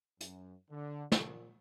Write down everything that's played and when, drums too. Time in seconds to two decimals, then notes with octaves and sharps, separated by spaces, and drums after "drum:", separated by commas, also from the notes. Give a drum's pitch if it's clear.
0.21 F#2, drum: hi-hat
0.71 D3
1.12 A#2, drum: snare